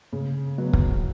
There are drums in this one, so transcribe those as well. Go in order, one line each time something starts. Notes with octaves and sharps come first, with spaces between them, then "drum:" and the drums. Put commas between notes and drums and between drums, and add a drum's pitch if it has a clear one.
C#3
F#3 B3
drum: kick